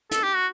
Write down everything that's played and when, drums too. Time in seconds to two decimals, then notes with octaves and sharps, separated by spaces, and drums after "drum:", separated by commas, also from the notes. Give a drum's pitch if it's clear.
0.11 A4, drum: hi-hat
0.23 G4
0.35 F#4